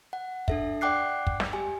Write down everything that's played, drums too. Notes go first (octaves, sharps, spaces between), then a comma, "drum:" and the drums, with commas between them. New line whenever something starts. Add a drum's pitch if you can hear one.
F#5
D4 A4 E5, drum: kick
D5 F#5 G5 D6 F#6 C7
drum: kick
drum: snare
G4 G#5